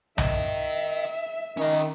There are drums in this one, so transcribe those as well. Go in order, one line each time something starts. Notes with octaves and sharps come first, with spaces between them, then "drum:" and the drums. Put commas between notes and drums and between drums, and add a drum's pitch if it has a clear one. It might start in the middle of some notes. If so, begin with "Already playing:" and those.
A#4 D#5 E5, drum: tom B1
D#3 C#4 D#5